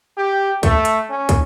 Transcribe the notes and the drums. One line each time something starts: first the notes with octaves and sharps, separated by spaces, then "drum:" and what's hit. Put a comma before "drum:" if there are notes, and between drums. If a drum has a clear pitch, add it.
G4
A3, drum: kick, hi-hat
drum: hi-hat
C#4
drum: kick, hi-hat